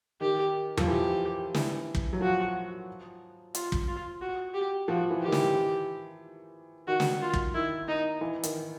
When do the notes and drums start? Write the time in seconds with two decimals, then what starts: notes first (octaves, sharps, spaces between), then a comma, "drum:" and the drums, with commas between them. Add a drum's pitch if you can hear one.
0.21 D#3 G4
0.77 F3, drum: tom E2
0.87 E3 G4
1.54 E3, drum: snare
1.95 drum: kick
2.13 F#3
2.21 F3 F#4
3.55 F4, drum: hi-hat
3.72 drum: kick
3.88 F4
4.21 F#4
4.54 G4
4.88 F3 F#4
5.10 E3
5.21 G4
5.28 D#3
5.32 E3, drum: snare
6.87 D#3 F#4
7.00 drum: snare
7.22 F4
7.33 drum: kick
7.54 D#3 E4
7.88 D#4
8.21 E3
8.43 D#3, drum: hi-hat